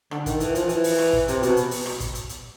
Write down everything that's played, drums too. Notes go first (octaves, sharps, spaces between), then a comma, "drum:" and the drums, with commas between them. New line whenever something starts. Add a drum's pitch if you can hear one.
D3, drum: rim click
D#3, drum: kick, hi-hat
E3, drum: hi-hat
F3, drum: hi-hat
E3, drum: hi-hat
drum: open hi-hat
drum: rim click
drum: kick
C3, drum: hi-hat
B2, drum: hi-hat
drum: hi-hat
drum: open hi-hat
drum: rim click
drum: kick, hi-hat
drum: hi-hat
drum: hi-hat